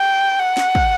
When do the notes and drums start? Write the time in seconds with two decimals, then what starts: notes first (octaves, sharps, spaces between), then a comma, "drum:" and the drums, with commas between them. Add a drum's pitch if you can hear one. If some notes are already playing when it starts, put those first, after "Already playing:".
Already playing: G5
0.39 F#5
0.57 drum: snare
0.75 drum: kick